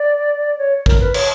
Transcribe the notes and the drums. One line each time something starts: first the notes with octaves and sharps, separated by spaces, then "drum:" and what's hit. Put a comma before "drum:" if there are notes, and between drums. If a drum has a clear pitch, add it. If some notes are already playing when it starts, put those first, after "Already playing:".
Already playing: D5
C#5
A#4, drum: kick
B4
C#5, drum: cymbal